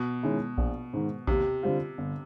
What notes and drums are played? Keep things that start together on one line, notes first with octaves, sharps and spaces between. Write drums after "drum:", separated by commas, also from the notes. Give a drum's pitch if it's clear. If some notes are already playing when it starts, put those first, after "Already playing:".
Already playing: B2
D#3 G#3 C#4 E4
A#1, drum: kick A#1
G#2 D#3
D#2 C3, drum: kick A#1
D3 G3 C4 F4
G1